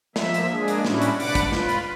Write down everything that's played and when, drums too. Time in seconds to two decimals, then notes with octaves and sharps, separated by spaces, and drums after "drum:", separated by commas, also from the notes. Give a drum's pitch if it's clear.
0.16 F3 A#3 E5, drum: snare
0.34 drum: hi-hat
0.50 G#3 A#3 D4 G#4
0.68 drum: hi-hat
0.85 A2 G3 C#4 D4 E4 F#4, drum: snare
1.02 drum: hi-hat
1.20 C3 D4 B4 D5 F#5 D6, drum: open hi-hat
1.35 drum: kick, hi-hat
1.52 F4 B4, drum: snare
1.69 drum: hi-hat